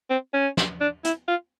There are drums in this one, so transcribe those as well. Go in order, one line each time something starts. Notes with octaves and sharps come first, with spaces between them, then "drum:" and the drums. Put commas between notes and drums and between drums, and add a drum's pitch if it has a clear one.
C4
C#4
drum: snare
D4
E4, drum: hi-hat
F4